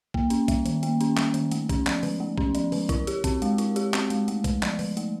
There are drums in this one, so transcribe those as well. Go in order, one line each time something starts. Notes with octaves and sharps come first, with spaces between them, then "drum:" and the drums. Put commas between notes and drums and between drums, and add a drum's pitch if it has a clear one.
A#3, drum: kick
C#4, drum: hi-hat
G3, drum: kick, hi-hat
D#3, drum: hi-hat
A#3, drum: hi-hat
C#4, drum: hi-hat
G3, drum: clap
D#3, drum: hi-hat
A3, drum: hi-hat
C#4, drum: kick, hi-hat
F3, drum: clap
D3, drum: open hi-hat
A3
C#4, drum: kick
F3, drum: hi-hat
D3, drum: open hi-hat
E4, drum: kick, hi-hat
G4, drum: hi-hat
C4, drum: kick, hi-hat
G#3, drum: hi-hat
E4, drum: hi-hat
G4, drum: hi-hat
C4, drum: clap
G#3, drum: hi-hat
A3, drum: hi-hat
D3, drum: kick, hi-hat
F3, drum: clap
D3, drum: open hi-hat
A3, drum: hi-hat